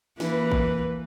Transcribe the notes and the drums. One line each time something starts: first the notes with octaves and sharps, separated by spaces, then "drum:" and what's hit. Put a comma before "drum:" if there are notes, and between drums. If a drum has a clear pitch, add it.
E3 A#3 B4, drum: snare
drum: kick G#1